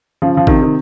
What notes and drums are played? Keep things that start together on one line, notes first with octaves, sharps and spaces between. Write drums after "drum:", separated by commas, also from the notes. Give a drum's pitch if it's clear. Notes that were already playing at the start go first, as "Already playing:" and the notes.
C#3 F3
F3
C3 D#3, drum: kick G#1
D#3